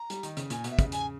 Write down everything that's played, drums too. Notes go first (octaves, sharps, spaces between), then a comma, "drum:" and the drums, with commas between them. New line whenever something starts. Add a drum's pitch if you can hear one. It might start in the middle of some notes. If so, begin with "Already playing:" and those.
Already playing: A#5
G3, drum: hi-hat
D#3, drum: hi-hat
C#3, drum: hi-hat
A#2 G#5, drum: hi-hat
B2, drum: hi-hat
E5
C#3, drum: kick, hi-hat
G#5, drum: hi-hat